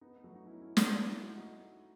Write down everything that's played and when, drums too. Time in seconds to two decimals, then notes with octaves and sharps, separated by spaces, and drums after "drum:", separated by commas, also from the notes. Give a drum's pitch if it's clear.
0.01 B3 D#4
0.16 B3
0.24 F#3 A3
0.35 D#4 F#4
0.46 C#4 E4
0.62 C#4 E4
0.77 B3 D#4, drum: snare
0.91 A3 C#4
1.07 C#4 E4
1.22 D#4 F#4
1.37 D#4 F#4